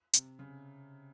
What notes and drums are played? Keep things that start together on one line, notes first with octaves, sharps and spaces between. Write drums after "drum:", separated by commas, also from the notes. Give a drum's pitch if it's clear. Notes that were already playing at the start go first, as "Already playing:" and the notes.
C3, drum: hi-hat
C#3